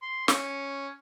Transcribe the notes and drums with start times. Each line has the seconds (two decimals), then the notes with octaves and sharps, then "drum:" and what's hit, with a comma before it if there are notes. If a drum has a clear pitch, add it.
0.02 C6
0.28 C#4, drum: snare